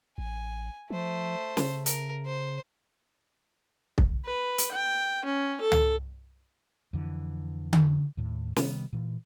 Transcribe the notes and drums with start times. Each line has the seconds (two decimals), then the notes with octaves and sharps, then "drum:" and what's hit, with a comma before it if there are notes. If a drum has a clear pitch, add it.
0.18 A1 G#5
0.90 F3 A3 C5
1.57 C#3, drum: snare
1.86 A#4, drum: hi-hat
2.26 C5
3.98 drum: kick
4.25 B4
4.58 drum: hi-hat
4.72 G5
5.25 C#4
5.61 A4
5.72 drum: tom
6.93 F2 D3 E3
7.73 drum: tom D3
8.17 D#2 A2
8.56 C3 D#3 G3 B3, drum: snare
8.93 A#2 E3